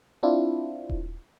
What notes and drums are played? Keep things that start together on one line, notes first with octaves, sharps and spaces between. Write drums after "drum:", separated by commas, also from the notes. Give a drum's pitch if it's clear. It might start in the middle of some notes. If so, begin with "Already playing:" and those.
C4 D4 E4 F4
drum: kick D#1